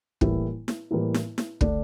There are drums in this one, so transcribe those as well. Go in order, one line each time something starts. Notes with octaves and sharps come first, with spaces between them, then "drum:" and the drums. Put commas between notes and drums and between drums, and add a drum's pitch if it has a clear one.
A2 E3 G3 A#3 E4, drum: kick
drum: snare E4
A2 E3 G3 A#3 E4
drum: snare E4
drum: snare E4
D3 A3 D4, drum: kick